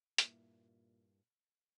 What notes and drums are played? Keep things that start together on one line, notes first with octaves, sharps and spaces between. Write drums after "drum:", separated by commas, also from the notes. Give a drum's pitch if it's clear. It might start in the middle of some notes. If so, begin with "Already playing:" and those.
G2 A#2 A#3 E4, drum: hi-hat